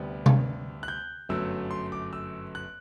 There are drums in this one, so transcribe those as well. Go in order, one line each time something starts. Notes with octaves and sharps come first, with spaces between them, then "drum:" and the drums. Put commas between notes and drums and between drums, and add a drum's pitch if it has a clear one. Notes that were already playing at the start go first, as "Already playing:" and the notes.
Already playing: D2 C3 G3 B3
drum: tom C3
F#6
G6
G1 F#2 F#3 A3 E6
C6
D6
E6
F#6